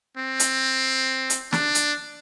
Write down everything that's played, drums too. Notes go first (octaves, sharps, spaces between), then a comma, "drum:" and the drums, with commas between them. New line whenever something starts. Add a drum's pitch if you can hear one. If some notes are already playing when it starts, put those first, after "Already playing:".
C4
drum: hi-hat
drum: hi-hat
D4, drum: snare
drum: hi-hat